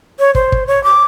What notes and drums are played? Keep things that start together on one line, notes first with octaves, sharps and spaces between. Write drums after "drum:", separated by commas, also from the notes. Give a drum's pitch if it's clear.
C#5
C5, drum: kick
drum: kick
C#5
D6